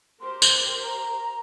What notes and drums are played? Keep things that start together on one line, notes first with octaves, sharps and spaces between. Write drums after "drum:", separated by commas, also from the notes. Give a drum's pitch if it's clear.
G4 A#4 C5 C6
drum: tambourine
A#5